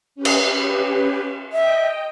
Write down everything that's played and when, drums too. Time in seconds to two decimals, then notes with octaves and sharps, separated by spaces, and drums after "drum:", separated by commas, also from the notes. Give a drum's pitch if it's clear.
0.15 C#4 G4 B4
0.25 drum: cymbal
1.53 D#5 E5 G5